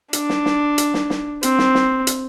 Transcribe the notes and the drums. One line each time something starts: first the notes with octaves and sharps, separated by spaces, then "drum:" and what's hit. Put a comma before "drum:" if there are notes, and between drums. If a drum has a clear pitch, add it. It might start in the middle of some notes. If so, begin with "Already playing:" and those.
D4, drum: hi-hat
drum: snare
drum: snare
drum: hi-hat
drum: snare
drum: snare
C4, drum: hi-hat
drum: snare
drum: snare
drum: hi-hat